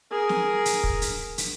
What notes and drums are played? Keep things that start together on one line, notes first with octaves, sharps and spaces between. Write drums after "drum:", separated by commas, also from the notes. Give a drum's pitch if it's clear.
G#4 A#4
drum: snare
drum: hi-hat
drum: kick
drum: hi-hat
drum: hi-hat